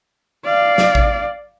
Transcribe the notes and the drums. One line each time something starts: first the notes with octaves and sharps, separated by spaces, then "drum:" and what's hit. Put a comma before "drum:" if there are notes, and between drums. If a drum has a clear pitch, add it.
D5 F5
drum: snare
drum: kick A1